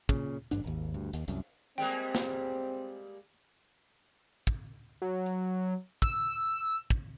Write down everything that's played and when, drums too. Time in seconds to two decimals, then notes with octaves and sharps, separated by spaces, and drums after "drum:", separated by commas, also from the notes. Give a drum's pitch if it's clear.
0.09 A#2 C#3, drum: kick
0.51 A1 G2 D4, drum: hi-hat
0.64 G#1 D#2
0.94 D2 G2
1.13 D#2, drum: hi-hat
1.28 C2 F#2, drum: hi-hat
1.78 G3 G#3 A#3 C4 G5
1.91 drum: hi-hat
2.15 drum: snare
4.47 drum: kick
5.02 F#3
5.26 drum: hi-hat
6.02 E6, drum: kick
6.90 drum: kick